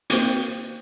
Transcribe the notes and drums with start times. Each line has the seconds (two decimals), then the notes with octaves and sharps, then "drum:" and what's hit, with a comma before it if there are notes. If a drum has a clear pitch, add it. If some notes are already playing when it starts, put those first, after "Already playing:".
0.10 A#3 C4 F#4 C5, drum: hi-hat